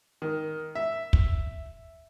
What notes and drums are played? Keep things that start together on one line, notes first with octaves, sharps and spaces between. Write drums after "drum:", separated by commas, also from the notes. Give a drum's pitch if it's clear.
D#3
E5
drum: kick